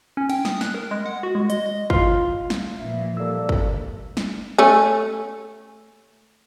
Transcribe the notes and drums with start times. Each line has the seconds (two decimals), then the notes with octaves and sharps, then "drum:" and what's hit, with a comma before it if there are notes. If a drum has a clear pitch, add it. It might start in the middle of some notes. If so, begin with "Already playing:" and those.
0.17 C#4
0.30 G5, drum: cymbal
0.45 D#6, drum: snare
0.61 F#6, drum: snare
0.74 A#4
0.91 G#3
1.06 F#5
1.23 F#4
1.35 G#3
1.50 D#5, drum: hi-hat
1.66 D#5
1.90 F4, drum: kick
2.50 drum: snare
2.78 A#2 E3 F3 E5
3.17 G#2 G3 A#3 A4 D5 E6
3.49 drum: kick
4.17 drum: snare
4.58 A3 C#4